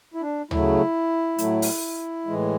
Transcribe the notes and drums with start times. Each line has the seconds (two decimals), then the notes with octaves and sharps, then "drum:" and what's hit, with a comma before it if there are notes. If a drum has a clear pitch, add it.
0.14 E4
0.22 D4
0.51 C#3 F#3 A3 E4, drum: tom D2
1.38 A2 F#3 A3, drum: hi-hat
1.62 drum: open hi-hat
2.26 A2 E3 G#3